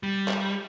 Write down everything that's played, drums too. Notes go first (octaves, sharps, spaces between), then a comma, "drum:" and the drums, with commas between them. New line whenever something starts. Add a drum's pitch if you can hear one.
G3
drum: clap